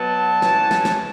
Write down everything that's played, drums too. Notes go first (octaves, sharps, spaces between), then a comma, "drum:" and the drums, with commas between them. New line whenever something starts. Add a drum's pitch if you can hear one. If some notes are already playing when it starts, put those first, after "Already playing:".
Already playing: B2 F#3 B3 A5
E3 C#4, drum: snare
drum: snare
drum: snare